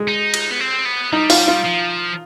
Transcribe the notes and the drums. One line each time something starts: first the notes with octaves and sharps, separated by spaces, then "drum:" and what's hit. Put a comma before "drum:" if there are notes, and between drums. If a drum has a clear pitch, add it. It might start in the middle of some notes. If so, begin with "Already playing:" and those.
Already playing: G#3
D#4
drum: cymbal
B3
C4
B3
G3 D#4
F4, drum: open hi-hat
F4
F3